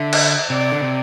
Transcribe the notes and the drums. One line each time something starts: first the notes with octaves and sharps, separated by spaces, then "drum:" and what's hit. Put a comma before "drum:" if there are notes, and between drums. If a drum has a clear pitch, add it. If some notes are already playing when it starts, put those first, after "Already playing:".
Already playing: D3 E5
drum: cymbal
C3 D5
D3
C3